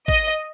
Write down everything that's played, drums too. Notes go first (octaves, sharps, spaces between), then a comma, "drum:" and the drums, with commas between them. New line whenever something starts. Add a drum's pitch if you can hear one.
D#5, drum: kick